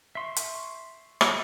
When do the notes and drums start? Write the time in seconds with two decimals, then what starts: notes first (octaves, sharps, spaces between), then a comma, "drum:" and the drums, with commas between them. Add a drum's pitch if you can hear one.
0.15 E5 C6 C#6
0.36 drum: hi-hat
1.21 drum: rim click